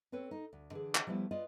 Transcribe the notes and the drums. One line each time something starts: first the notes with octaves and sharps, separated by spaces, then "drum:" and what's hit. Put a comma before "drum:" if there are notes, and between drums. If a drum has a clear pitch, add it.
C4 A4 B4 C#5
D#4
D2
D3 E3 G#4
drum: clap
F3 G3 A3 B3 E4
F4 B4 D5 D#5